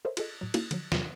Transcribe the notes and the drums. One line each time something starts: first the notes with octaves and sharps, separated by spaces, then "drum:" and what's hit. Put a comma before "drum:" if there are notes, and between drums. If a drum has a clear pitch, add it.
A4 A#4 C5 C#5 D#5 E5
F4 G#4 A4 D#5, drum: cymbal
A2 F#3
A#3 C#4 D#4 E4 F#4 A4, drum: cymbal
D3 F3 F#3, drum: cymbal
E2 C3 F#3, drum: snare